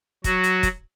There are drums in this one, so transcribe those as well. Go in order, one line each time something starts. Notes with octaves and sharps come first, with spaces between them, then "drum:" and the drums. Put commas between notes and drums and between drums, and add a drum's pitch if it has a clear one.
F#3 F#4, drum: kick, hi-hat
drum: hi-hat
drum: kick, hi-hat